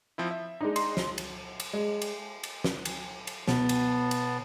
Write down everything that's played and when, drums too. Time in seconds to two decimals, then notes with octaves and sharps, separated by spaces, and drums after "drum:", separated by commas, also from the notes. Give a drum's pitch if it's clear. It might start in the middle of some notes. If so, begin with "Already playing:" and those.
0.18 F3 C4 E4
0.31 E5
0.61 G#3 D4 D#4
0.76 C6, drum: cymbal
0.97 drum: snare
1.18 drum: cymbal
1.60 drum: cymbal
1.73 G#3
2.02 drum: cymbal
2.44 drum: cymbal
2.64 drum: snare
2.85 drum: cymbal
3.27 drum: cymbal
3.48 B2 B3 A5, drum: snare
3.69 drum: cymbal
4.11 drum: cymbal